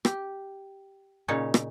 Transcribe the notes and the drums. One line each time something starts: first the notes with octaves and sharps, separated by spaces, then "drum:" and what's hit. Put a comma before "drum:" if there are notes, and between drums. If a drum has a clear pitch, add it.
G4, drum: rim click
A#2 C#3 D#4 C#5
drum: rim click